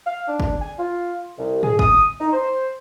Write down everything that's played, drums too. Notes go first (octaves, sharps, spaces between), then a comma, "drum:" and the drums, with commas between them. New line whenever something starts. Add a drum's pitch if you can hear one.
F5
D4
drum: kick
G#5
F4
C2
G#4, drum: tom
D#6, drum: kick
D#4
C5